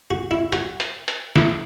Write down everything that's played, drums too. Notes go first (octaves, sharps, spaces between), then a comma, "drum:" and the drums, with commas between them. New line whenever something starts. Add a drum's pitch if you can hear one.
F#4
E4
F#4, drum: hi-hat
drum: hi-hat
drum: hi-hat
E4, drum: snare